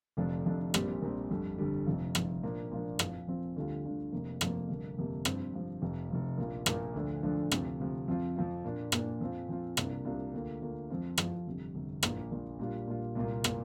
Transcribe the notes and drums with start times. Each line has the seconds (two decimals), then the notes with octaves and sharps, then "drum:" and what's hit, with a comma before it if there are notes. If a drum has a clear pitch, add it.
0.17 F1 F2 D3 F3 D4
0.46 F1 F2 D3 F3 D4
0.74 A#1 A#2 G3 C4, drum: rim click
1.02 A#1 A#2 G3 C4
1.31 G1 F2 D3 G3
1.58 G1 F2 D3 G3
1.87 F1 F2 F3
2.15 F1 F2 F3, drum: rim click
2.43 A#2 F3 A#3 D4
2.71 A#2 F3 A#3 D4
2.99 F2 F3 C4 F4, drum: rim click
3.28 F2 F3 C4 F4
3.56 D2 D3 G3 D4 F4
3.85 D2 D3 G3 D4 F4
4.12 F1 F2 F3 A#3
4.41 F1 F2 F3 A#3, drum: rim click
4.69 G1 F2 C3 A#3
4.97 G1 F2 C3 A#3
5.25 G2 F3 C4, drum: rim click
5.54 G2 F3 C4
5.82 F1 F2 F3
6.10 F1 F2 F3
6.38 A#1 A#2 A#3 F4
6.66 A#1 A#2 A#3 F4, drum: rim click
6.94 D2 D3 F3 D4
7.23 D2 D3 F3 D4
7.51 D2 C3 F3, drum: rim click
7.80 D2 C3 F3
8.08 F2 F3 C4 F4
8.36 F2 F3 C4 F4
8.65 A#2 A#3 D4
8.92 A#2 A#3 D4, drum: rim click
9.21 F2 F3 C4 F4
9.49 F2 F3 C4 F4
9.77 C2 C3 A#3 D4 F4, drum: rim click
10.05 C2 C3 A#3 D4 F4
10.33 D2 D3 A#3 F4
10.61 D2 D3 A#3 F4
10.90 F2 F3 C4 F4
11.18 F2 F3 C4 F4, drum: rim click
11.46 G1 F2 C3
11.75 G1 F2 C3
12.03 A#1 A#2 A#3 F4, drum: rim click
12.31 A#1 A#2 A#3 F4
12.59 A#2 G3 D4 F4
12.88 A#2 G3 D4 F4
13.15 C2 A#2 A#3 F4
13.44 A#2 A#3 F4, drum: rim click